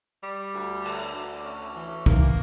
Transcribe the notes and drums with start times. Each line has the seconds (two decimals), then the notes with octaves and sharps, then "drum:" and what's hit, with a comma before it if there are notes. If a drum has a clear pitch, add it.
0.24 G3
0.55 D2
0.85 D3, drum: cymbal
1.15 D2
1.45 C#4
1.76 E3
2.06 A#3, drum: kick